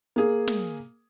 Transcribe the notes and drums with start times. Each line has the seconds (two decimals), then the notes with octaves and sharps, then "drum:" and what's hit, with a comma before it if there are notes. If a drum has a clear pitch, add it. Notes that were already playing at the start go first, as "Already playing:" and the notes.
0.16 A#3 G#4
0.47 drum: snare